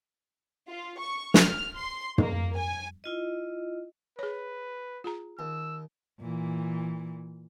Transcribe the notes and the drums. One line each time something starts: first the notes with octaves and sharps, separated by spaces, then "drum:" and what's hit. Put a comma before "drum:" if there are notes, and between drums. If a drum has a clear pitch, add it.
F4
C#6
F6, drum: snare
C6
A#3, drum: tom
G#5
E4 F4 D#5
G#4 B4 C#5
F4 G#4 A#5
D#2 E6
A#2 E3